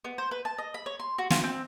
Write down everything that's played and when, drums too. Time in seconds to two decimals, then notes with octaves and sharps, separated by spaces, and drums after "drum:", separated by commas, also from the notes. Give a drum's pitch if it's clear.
0.04 B3
0.18 C5
0.31 B4
0.45 A5
0.58 D#5
0.74 B5
0.86 C#5
1.00 C6
1.18 F#4
1.30 F4, drum: snare
1.43 C4